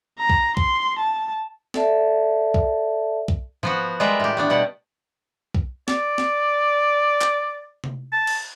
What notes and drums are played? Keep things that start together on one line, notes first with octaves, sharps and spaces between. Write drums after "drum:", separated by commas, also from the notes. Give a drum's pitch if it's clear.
A#5
drum: kick B1
C6, drum: kick B1
A5
A4 D5 E5 A5, drum: snare
drum: kick B1
drum: kick B1
F3 B3 F#4, drum: tom G#2
G3 G#3 F4 A#4 B4 E5
A2 G4
A3 B3 D4
B2 G3 F#5
drum: kick B1
D5, drum: snare
drum: snare
drum: clap
drum: tom C3
A5
drum: cymbal